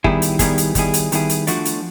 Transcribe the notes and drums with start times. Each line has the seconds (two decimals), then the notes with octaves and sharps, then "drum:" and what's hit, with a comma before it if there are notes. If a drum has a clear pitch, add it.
0.04 D#3 G3 B3 E4 G#4, drum: kick
0.22 drum: hi-hat
0.39 D#3 G3 B3 E4 G#4, drum: kick, hi-hat
0.58 drum: hi-hat
0.75 D#3 G3 B3 E4 G#4, drum: kick, hi-hat
0.94 drum: hi-hat
1.12 D#3 G3 B3 E4 G#4, drum: hi-hat
1.29 drum: hi-hat
1.47 F3 A3 D4 F#4, drum: hi-hat
1.65 drum: hi-hat